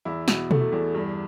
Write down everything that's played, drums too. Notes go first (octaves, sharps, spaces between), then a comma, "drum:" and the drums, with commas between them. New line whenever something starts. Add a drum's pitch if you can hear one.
E2 E4
B2, drum: snare
A3, drum: tom B2
E2
G2